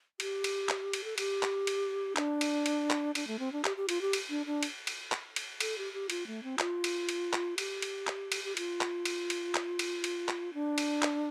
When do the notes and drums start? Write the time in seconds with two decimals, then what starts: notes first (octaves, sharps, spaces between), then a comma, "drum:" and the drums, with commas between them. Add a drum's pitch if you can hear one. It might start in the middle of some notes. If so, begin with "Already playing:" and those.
0.20 G4, drum: cymbal
0.44 drum: cymbal
0.69 drum: clap
0.93 drum: cymbal
1.04 A4
1.18 G4, drum: cymbal
1.43 drum: clap
1.67 drum: cymbal
2.16 D4, drum: clap
2.41 drum: cymbal
2.66 drum: cymbal
2.90 drum: clap
3.15 D4, drum: cymbal
3.27 A3
3.39 C4
3.52 D4
3.64 G4, drum: clap
3.77 G4
3.89 F4, drum: cymbal
4.01 G4
4.13 drum: cymbal
4.30 D4
4.46 D4
4.63 drum: cymbal
4.87 drum: cymbal
5.12 drum: clap
5.36 drum: cymbal
5.60 A4, drum: cymbal
5.78 G4
5.93 G4
6.10 F4, drum: cymbal
6.27 A3
6.43 C4
6.59 F4, drum: clap
6.84 drum: cymbal
7.09 drum: cymbal
7.33 drum: clap
7.58 G4, drum: cymbal
7.82 drum: cymbal
8.07 drum: clap
8.32 drum: cymbal
8.44 G4
8.57 F4, drum: cymbal
8.81 drum: clap
9.05 drum: cymbal
9.30 drum: cymbal
9.55 drum: clap
9.79 drum: cymbal
10.04 drum: cymbal
10.28 drum: clap
10.54 D4
10.78 drum: cymbal
11.02 drum: clap